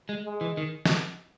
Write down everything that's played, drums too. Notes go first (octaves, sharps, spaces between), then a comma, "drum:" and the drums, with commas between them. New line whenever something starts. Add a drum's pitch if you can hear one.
G#3
G#3
E3
D#3
drum: snare